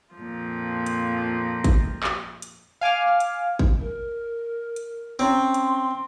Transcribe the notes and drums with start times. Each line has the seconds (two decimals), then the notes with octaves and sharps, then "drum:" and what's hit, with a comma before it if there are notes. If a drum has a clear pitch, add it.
0.15 F2 A#2 F3
0.86 drum: hi-hat
1.64 drum: kick G#1, hi-hat
2.03 drum: clap
2.42 drum: hi-hat
2.81 F5 G#5 D6 F6
3.20 drum: hi-hat
3.59 drum: kick G#1
3.80 A#4
4.76 drum: hi-hat
5.19 C4 C#4 C#5 A#5 C6
5.54 drum: hi-hat